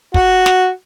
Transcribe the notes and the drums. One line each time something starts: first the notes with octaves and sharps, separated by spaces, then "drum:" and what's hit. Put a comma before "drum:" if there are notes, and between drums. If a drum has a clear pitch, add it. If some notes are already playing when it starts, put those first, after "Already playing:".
F#4, drum: kick
drum: snare